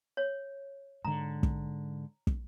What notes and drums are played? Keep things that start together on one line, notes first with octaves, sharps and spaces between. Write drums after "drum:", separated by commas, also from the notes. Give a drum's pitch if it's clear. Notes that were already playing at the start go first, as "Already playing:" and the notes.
C#5
G#2 D3 A#5
drum: kick
drum: kick